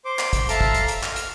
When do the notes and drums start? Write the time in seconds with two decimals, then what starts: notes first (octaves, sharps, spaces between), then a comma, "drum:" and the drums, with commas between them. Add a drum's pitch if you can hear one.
0.05 C5 D6
0.19 drum: clap
0.33 drum: kick, hi-hat
0.49 A4 E5 F5 A5 A#5, drum: hi-hat
0.61 drum: kick
0.75 drum: hi-hat
0.88 drum: hi-hat
1.03 F6, drum: clap
1.16 drum: hi-hat